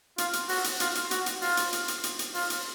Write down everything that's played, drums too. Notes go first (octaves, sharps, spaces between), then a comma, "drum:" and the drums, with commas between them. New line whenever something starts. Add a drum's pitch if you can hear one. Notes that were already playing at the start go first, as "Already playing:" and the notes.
F4, drum: hi-hat
drum: hi-hat
F#4, drum: open hi-hat
drum: hi-hat
F4, drum: hi-hat
drum: hi-hat
F#4, drum: hi-hat
drum: hi-hat
F4, drum: open hi-hat
drum: hi-hat
drum: hi-hat
drum: hi-hat
drum: hi-hat
drum: hi-hat
F4, drum: open hi-hat
drum: hi-hat